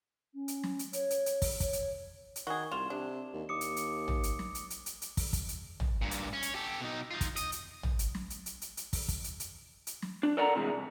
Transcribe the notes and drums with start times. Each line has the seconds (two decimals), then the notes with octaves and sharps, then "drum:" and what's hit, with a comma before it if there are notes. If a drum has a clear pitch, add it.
0.34 C#4
0.48 drum: hi-hat
0.64 drum: snare
0.79 drum: hi-hat
0.93 C#5, drum: hi-hat
1.10 drum: hi-hat
1.26 drum: hi-hat
1.42 drum: kick, open hi-hat
1.60 C#5, drum: kick, hi-hat
1.73 drum: hi-hat
2.36 drum: hi-hat
2.47 D#3 F#4 G#4 G7
2.72 C2 F4 E7
2.90 C3 D4
3.33 D#2
3.49 D#2 D6 D#6 C#7
3.61 drum: hi-hat
3.76 drum: hi-hat
4.08 drum: tom
4.23 drum: hi-hat
4.39 drum: snare
4.55 drum: hi-hat
4.70 drum: hi-hat
4.86 drum: hi-hat
5.02 drum: hi-hat
5.17 drum: kick, open hi-hat
5.33 drum: kick, hi-hat
5.49 drum: hi-hat
5.80 drum: tom
6.02 G2 A#2
6.11 drum: hi-hat
6.33 C#4
6.42 drum: hi-hat
6.55 G4 A4
6.81 B2 D#4
7.11 D#4 F4
7.21 drum: kick, hi-hat
7.36 D#5, drum: hi-hat
7.52 drum: hi-hat
7.83 drum: tom
7.99 drum: hi-hat
8.15 drum: snare
8.30 drum: hi-hat
8.46 drum: hi-hat
8.62 drum: hi-hat
8.77 drum: hi-hat
8.93 drum: kick, open hi-hat
9.08 drum: kick, hi-hat
9.24 drum: hi-hat
9.40 drum: hi-hat
9.87 drum: hi-hat
10.02 drum: snare
10.23 D4
10.37 A4 A#4 D5 F#5 A5 A#5
10.56 C3 E3 G#3
10.73 C2